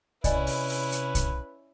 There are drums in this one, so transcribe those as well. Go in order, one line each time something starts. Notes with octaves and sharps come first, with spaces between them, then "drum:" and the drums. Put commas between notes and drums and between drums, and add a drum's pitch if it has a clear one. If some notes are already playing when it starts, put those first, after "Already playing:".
C3 C#4 E4 B4 D5 D#5 G#5, drum: kick, hi-hat
drum: open hi-hat
drum: open hi-hat
drum: hi-hat
drum: kick, hi-hat